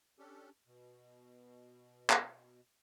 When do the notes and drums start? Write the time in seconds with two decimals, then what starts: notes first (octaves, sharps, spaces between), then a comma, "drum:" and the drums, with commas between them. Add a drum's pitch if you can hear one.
0.19 C#4 D4 G4 A4
0.67 B2
2.10 drum: clap